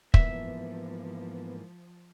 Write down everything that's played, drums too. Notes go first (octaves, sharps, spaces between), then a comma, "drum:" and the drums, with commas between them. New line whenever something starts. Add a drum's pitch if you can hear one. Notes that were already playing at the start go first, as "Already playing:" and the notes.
G#2 E3 F3 A#3 B3 E5, drum: kick